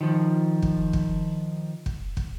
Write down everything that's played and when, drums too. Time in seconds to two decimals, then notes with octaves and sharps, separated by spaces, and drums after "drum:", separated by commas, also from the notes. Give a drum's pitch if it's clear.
0.01 D#3 F3
0.62 drum: kick
0.93 drum: kick
1.86 drum: kick
2.17 drum: kick